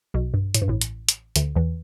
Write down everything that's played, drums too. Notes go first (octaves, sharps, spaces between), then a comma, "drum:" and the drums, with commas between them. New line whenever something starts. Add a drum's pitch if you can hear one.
B1 B2
G2
A2, drum: hi-hat
G2
A1 A2
drum: hi-hat
drum: hi-hat
D2 D3, drum: hi-hat
E2 E3